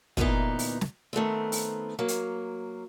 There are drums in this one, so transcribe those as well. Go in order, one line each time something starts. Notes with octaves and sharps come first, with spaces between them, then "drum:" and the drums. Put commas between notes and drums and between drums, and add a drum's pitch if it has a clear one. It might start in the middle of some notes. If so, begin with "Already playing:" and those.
D2 A#2 E3 A3 B3 D#4, drum: kick
drum: open hi-hat
drum: snare
D#3 A3 B3 C4
drum: open hi-hat
F#3 A#3
drum: hi-hat